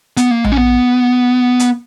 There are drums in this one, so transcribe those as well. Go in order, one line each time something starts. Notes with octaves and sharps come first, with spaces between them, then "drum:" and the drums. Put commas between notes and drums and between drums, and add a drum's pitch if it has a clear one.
B3, drum: hi-hat
A#3
G#3, drum: tom A#1
C#4
B3
drum: hi-hat